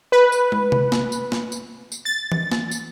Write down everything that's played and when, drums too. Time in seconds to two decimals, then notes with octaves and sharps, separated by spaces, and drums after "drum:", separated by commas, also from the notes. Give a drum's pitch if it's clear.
0.12 B4
0.32 drum: tambourine
0.52 drum: tom
0.72 drum: tom C3
0.92 drum: snare
1.12 drum: tambourine
1.32 drum: snare
1.52 drum: tambourine
1.92 drum: tambourine
2.05 A6
2.32 drum: tom E3
2.52 drum: snare
2.71 drum: tambourine